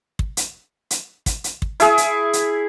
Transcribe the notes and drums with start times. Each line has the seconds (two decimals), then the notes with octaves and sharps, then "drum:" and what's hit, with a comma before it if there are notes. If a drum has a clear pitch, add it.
0.19 drum: kick
0.37 drum: hi-hat
0.90 drum: hi-hat
1.26 drum: kick, hi-hat
1.44 drum: hi-hat
1.62 drum: kick
1.80 E4 G#4, drum: hi-hat
1.98 drum: hi-hat
2.33 drum: hi-hat